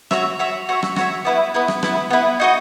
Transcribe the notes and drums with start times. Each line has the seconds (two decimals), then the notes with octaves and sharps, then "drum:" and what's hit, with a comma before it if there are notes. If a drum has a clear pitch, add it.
0.11 F#4 C#5 E5, drum: rim click
0.39 F#4 C#5 E5
0.69 F#4 C#5 E5
0.82 drum: rim click
0.96 F#4 C#5 E5, drum: rim click
1.25 B3 E4 B4
1.54 B3 E4 B4
1.68 drum: rim click
1.83 B3 E4 B4, drum: rim click
2.10 B3 E4 B4
2.40 D#4 F#4 A4 D#5